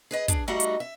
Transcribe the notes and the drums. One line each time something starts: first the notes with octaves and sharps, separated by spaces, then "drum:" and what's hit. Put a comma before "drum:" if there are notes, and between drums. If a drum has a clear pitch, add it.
G#4 B4 D#5
D4 G#4, drum: kick, hi-hat
G3 A3 D#4 F#4 D#5 F#5
drum: hi-hat
E5